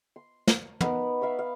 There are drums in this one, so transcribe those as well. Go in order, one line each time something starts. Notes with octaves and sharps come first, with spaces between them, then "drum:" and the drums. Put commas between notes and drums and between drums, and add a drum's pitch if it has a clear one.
C6
drum: snare
B3 D#4 A#4 B4, drum: tom
E5 F5 B5 C#6
F5